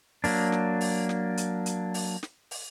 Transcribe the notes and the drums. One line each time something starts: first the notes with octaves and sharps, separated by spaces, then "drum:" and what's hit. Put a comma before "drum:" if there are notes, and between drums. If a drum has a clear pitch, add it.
F#3 A#3 D4, drum: open hi-hat
drum: snare
drum: open hi-hat
drum: snare
drum: hi-hat
drum: hi-hat
drum: open hi-hat
drum: snare
drum: open hi-hat